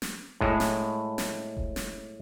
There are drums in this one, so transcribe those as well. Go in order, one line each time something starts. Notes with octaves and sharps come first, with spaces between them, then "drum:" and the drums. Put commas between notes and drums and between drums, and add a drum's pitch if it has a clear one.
drum: snare
A2 G#3, drum: kick E1
drum: snare
drum: snare
drum: kick E1
drum: snare